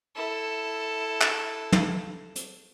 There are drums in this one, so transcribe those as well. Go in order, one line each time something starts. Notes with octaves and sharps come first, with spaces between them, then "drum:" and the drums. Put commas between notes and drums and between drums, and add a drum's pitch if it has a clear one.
E4 A4
drum: clap
drum: tom
drum: hi-hat